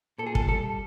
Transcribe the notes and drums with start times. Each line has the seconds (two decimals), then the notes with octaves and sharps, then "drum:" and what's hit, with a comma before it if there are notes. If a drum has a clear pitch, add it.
0.18 A#2 A4
0.26 G#4
0.35 A4, drum: kick
0.48 G3 A4